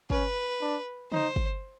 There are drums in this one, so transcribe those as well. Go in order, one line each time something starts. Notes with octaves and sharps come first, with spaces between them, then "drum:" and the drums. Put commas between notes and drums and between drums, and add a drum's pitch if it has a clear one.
C#4 B4, drum: kick
D4
D#4 C5, drum: tom C#3
drum: kick